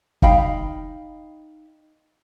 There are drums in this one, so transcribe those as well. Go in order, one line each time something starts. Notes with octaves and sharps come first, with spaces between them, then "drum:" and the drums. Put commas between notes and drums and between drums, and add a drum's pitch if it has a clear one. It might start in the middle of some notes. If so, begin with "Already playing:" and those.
D#4 F5 G5 B5, drum: kick